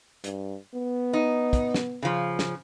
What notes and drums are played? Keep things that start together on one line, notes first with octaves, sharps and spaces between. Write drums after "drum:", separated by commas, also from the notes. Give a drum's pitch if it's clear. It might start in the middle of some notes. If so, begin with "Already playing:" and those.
G2, drum: hi-hat
B3
D#4
drum: kick, hi-hat
drum: snare
C#3 F3
drum: snare